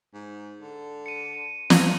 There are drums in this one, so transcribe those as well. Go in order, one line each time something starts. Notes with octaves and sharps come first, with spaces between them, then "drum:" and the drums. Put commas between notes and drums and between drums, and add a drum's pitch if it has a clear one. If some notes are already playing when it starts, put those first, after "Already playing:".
G#2
D3
C#7 D#7
C#4 D#6 G#6 F#7, drum: snare